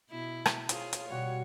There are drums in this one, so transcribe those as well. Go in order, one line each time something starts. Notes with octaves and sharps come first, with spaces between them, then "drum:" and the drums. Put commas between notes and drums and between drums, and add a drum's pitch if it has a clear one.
B2 E4
drum: rim click
F4 G#4 C#5, drum: hi-hat
drum: hi-hat
B2 G3 F#4 G4 C#5